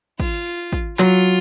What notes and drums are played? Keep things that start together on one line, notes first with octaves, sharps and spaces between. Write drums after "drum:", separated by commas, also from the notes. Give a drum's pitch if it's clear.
F4, drum: kick, tambourine
drum: tambourine
drum: kick, tambourine
F#3 F4, drum: clap